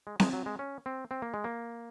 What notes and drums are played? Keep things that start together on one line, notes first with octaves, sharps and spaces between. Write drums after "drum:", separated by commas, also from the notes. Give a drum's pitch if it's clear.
G#3
G#3, drum: snare C4
F#3
G#3
C#4
C4
C4
A#3
G#3
A#3